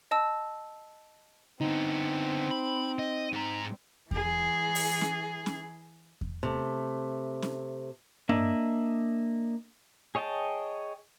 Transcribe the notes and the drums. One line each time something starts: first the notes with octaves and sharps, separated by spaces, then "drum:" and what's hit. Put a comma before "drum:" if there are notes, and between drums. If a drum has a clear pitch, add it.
D#5 A5 E6
D3 B3 C4 D#4
B5
D#5
G#2 A#5
E3 G#4, drum: kick E2
drum: open hi-hat
drum: snare C#4
drum: snare C#4
drum: kick E2
C3 A3
drum: snare C#4
A#3 D4 D#5 E5, drum: tom G2
G#4 C#5 D#5 G5 A5